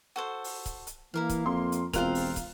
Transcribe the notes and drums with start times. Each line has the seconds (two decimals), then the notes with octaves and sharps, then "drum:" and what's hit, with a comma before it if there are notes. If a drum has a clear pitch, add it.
0.16 F#4 A4 C5
0.44 drum: open hi-hat
0.66 drum: kick, hi-hat
0.87 drum: hi-hat
1.14 E3 A#3 E4 A#4 F5
1.30 drum: kick, hi-hat
1.46 F2 C6
1.72 drum: hi-hat
1.93 E1 C4 F4 A#4 C5 F5 F#6 F7, drum: kick, hi-hat
2.15 drum: open hi-hat
2.36 drum: kick, hi-hat